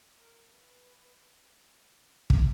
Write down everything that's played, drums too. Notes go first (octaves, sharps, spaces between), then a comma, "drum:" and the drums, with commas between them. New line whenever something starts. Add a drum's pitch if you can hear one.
A#4
B4
drum: kick